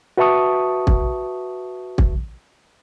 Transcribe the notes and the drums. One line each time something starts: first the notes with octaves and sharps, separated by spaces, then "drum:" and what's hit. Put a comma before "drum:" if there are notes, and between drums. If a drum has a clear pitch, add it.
F#4 B4 E5 A5 C#6 D#6
drum: kick
drum: kick